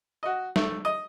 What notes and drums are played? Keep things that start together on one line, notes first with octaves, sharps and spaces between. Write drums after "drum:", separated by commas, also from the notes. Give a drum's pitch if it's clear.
F#4 D#5
A3, drum: snare
D#5